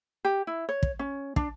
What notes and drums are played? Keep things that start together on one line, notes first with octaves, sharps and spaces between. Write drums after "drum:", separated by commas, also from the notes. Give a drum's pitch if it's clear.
G4
E4
C#5
drum: kick
C#4
D4, drum: kick